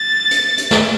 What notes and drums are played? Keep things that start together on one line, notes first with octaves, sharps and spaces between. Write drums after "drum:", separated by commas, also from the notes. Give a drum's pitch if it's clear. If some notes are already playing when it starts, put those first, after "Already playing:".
Already playing: A6
drum: hi-hat
drum: hi-hat
drum: snare